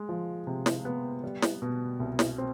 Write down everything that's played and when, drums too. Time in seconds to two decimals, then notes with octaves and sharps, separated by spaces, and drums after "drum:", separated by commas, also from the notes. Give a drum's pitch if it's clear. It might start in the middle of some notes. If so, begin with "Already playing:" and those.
Already playing: G#3
0.09 F3
0.47 C3
0.66 drum: snare
0.85 B3
1.24 G3
1.42 drum: snare
1.62 B2
2.00 C2
2.19 drum: snare
2.38 C4